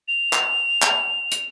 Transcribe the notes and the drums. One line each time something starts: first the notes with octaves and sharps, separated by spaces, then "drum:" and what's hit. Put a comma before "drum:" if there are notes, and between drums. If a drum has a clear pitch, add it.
F7
drum: clap
drum: clap
drum: hi-hat